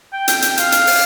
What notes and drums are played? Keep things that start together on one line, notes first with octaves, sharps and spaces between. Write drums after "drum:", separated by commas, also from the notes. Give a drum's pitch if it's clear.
G5
G5, drum: hi-hat
G5, drum: hi-hat
F5, drum: hi-hat
drum: hi-hat
drum: open hi-hat